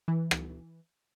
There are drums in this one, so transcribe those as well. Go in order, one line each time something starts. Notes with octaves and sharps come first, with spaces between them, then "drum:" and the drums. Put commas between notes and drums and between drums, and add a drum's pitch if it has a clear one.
E3
drum: rim click